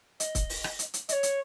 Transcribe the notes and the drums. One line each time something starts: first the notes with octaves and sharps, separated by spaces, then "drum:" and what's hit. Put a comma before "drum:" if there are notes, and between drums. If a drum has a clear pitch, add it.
D#5, drum: hi-hat
drum: kick, hi-hat
drum: open hi-hat
drum: rim click
drum: hi-hat
drum: hi-hat
D#5, drum: hi-hat
C#5
drum: hi-hat